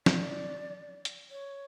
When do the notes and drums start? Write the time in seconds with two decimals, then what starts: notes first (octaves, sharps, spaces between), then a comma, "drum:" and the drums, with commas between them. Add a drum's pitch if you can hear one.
0.06 D5, drum: snare
1.05 drum: hi-hat
1.30 C#5